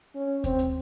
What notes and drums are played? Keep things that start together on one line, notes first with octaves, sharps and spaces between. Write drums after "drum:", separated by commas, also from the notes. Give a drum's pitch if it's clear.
C#4
C4, drum: kick D#2, hi-hat
drum: hi-hat